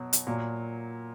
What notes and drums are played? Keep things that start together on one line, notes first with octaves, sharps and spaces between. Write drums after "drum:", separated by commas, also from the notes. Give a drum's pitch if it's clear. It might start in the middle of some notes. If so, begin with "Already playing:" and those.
Already playing: B2 F#3
drum: hi-hat
A#2 F#3